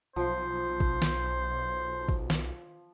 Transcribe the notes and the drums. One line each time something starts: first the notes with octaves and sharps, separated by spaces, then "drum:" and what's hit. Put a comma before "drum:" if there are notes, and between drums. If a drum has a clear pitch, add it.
B1 F3 C5
drum: kick G#1
drum: snare
drum: kick G#1
drum: snare